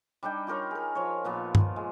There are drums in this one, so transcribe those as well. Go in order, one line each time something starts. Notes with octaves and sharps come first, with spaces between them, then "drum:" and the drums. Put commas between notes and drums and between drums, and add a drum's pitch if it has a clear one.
G3 D4 D#4 G5
F4 G4 A#4 C#5
G#4 A#4
F3 C#5
A#2 F3 B3
drum: tom G2
G#3